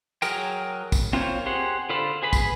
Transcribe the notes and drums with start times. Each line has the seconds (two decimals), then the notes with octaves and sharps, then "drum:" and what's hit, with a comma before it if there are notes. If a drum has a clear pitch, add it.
0.22 F#3 G#4 A#4 G5, drum: tambourine
0.92 drum: kick, tambourine
1.13 C4 F4 A#4 C5 C#5
1.46 G4 G#4 C5 F#5
1.90 D3 F4 A4 C5 B5
2.23 G#4 B4 B5
2.33 drum: kick, tambourine